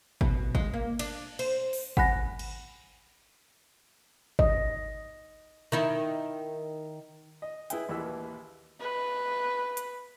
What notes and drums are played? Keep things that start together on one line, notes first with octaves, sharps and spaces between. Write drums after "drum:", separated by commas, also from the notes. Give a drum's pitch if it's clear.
B2, drum: kick G#1
G#3, drum: kick G#1
A#3
D4, drum: cymbal
C5, drum: cymbal
drum: open hi-hat
F#5 G#5 B5 F#6 A#6, drum: kick G#1
drum: cymbal
D#5, drum: kick G#1
D#3 D#4 E4
D#5
E4 G#4 B4 E5 G5, drum: hi-hat
A#1 D#2 E3 A#3 B4 E6
B4
drum: hi-hat